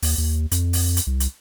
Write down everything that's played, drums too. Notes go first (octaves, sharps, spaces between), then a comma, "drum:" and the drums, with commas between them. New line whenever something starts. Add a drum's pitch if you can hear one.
D#2, drum: open hi-hat
D#2
F2, drum: hi-hat
drum: open hi-hat
drum: hi-hat
C2
drum: hi-hat